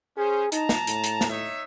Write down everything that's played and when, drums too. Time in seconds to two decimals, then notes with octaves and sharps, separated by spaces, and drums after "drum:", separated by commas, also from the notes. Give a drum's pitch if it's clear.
0.17 C#4 G#4 C5
0.52 D#4 A5 A#5, drum: hi-hat
0.69 drum: snare
0.87 A2, drum: hi-hat
1.04 drum: hi-hat
1.21 drum: snare
1.30 D#4 C#5 E5